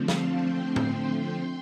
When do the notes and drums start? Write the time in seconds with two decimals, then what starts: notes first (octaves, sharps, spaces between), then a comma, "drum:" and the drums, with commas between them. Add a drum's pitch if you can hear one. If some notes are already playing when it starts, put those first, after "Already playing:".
Already playing: D3 F3 A3 C4
0.08 F5 A5, drum: snare
0.45 G5 C6
0.76 drum: tom A2